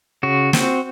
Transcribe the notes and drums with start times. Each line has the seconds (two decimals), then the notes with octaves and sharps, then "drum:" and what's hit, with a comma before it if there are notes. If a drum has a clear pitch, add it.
0.23 C#3 F#4
0.53 C4, drum: snare